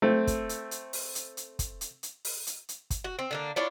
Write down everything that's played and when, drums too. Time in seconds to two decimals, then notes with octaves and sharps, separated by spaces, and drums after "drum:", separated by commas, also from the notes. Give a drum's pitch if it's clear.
0.02 A3 C4
0.27 drum: kick, hi-hat
0.49 drum: hi-hat
0.71 drum: hi-hat
0.93 drum: open hi-hat
1.15 drum: hi-hat
1.37 drum: hi-hat
1.59 drum: kick, hi-hat
1.81 drum: hi-hat
2.03 drum: hi-hat
2.25 drum: open hi-hat
2.47 drum: hi-hat
2.69 drum: hi-hat
2.91 drum: kick, hi-hat
3.04 F#4
3.19 C4
3.31 D3 A#3 D4
3.56 D4 E4 F4 C#5